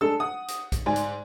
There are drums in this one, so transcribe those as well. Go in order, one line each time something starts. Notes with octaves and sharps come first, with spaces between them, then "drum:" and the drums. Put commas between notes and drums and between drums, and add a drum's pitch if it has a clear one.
G#3 D4 A4 E6
F#5 D#6
drum: hi-hat
drum: kick A#1, hi-hat
G#2 D5 G#5
drum: hi-hat